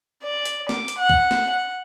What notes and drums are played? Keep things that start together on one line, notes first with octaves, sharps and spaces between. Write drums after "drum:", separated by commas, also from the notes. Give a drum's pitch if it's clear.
D5
drum: hi-hat
D6, drum: snare
drum: hi-hat
F#5
drum: kick
drum: snare
F#5